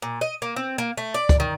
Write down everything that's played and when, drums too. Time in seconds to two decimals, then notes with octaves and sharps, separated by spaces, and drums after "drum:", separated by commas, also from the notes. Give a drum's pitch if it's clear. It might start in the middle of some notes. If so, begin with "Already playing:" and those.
0.02 A#2
0.21 D#5
0.42 A#3
0.56 C4
0.78 A#3
0.97 A3
1.14 D5
1.29 drum: kick, hi-hat
1.40 D#3